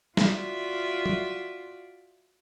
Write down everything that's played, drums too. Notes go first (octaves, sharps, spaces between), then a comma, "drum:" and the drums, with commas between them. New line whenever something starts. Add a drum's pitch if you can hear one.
F4 F#4 D5 E5, drum: snare
drum: tom F#3